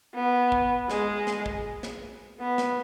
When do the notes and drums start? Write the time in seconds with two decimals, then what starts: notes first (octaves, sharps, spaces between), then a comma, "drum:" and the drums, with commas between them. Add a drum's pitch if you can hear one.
0.15 B3
0.52 drum: kick
0.90 G#3, drum: snare
1.27 drum: snare
1.46 drum: kick
1.83 drum: snare
2.40 B3
2.58 drum: snare